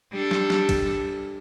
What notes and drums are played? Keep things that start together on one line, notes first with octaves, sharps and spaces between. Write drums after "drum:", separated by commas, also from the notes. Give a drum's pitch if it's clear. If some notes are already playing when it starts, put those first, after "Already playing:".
G3 D4 A4
drum: snare
drum: snare
drum: kick A#1, cymbal